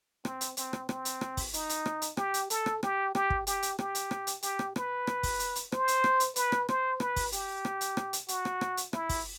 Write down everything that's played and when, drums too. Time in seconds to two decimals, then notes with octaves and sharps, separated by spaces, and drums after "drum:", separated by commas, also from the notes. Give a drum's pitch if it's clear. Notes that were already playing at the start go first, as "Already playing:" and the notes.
0.25 C4, drum: rim click
0.41 drum: hi-hat
0.57 C4, drum: hi-hat
0.73 drum: rim click
0.89 C4, drum: rim click
1.05 drum: hi-hat
1.21 drum: rim click
1.37 drum: kick, open hi-hat
1.53 D#4, drum: hi-hat
1.69 drum: hi-hat
1.86 drum: rim click
2.02 drum: hi-hat
2.17 G4, drum: rim click
2.34 drum: hi-hat
2.50 A4, drum: hi-hat
2.66 drum: rim click
2.83 G4, drum: rim click
3.15 G4, drum: rim click
3.30 drum: kick
3.47 G4, drum: hi-hat
3.62 drum: hi-hat
3.79 G4, drum: rim click
3.95 drum: hi-hat
4.11 drum: rim click
4.27 drum: hi-hat
4.43 G4, drum: hi-hat
4.59 drum: rim click
4.76 B4, drum: rim click
5.07 drum: rim click
5.23 drum: kick, open hi-hat
5.39 drum: hi-hat
5.56 drum: hi-hat
5.72 C5, drum: rim click
5.88 drum: hi-hat
6.04 drum: rim click
6.20 drum: hi-hat
6.36 B4, drum: hi-hat
6.52 drum: rim click
6.69 C5, drum: rim click
7.00 B4, drum: rim click
7.16 drum: kick, open hi-hat
7.32 G4, drum: hi-hat
7.65 drum: rim click
7.81 drum: hi-hat
7.97 drum: rim click
8.13 drum: hi-hat
8.28 F#4, drum: hi-hat
8.45 drum: rim click
8.61 drum: rim click
8.77 drum: hi-hat
8.93 E4, drum: rim click
9.09 drum: kick, open hi-hat